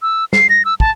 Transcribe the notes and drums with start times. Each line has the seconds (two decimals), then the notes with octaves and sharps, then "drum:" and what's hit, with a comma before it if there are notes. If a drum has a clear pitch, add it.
0.02 E6
0.33 C7, drum: snare
0.49 A#6
0.65 E6
0.80 A5, drum: kick